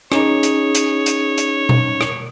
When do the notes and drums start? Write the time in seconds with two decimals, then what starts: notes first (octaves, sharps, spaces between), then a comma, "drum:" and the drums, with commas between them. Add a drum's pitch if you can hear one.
0.12 C#4 D#4 G#4 C#5, drum: rim click
0.43 drum: hi-hat
0.75 drum: hi-hat
1.06 drum: hi-hat
1.38 drum: hi-hat
1.69 drum: tom B2
2.01 drum: rim click